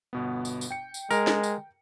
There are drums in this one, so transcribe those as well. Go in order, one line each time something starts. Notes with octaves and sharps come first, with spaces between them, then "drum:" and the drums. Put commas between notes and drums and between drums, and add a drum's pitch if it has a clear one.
G1 B2 B3
drum: tambourine
drum: tambourine
G5 C#7
drum: tambourine
G#3 A#4, drum: tambourine
drum: snare
drum: tambourine